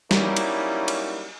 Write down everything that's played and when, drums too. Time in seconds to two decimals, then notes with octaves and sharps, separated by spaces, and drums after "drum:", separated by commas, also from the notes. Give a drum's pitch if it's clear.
0.11 F#3 G3 A#3 C#4 D#4 E4, drum: snare
0.37 drum: cymbal
0.88 drum: cymbal